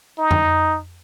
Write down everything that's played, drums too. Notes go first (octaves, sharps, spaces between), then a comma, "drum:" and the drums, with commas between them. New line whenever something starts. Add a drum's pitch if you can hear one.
D#4
drum: tom F2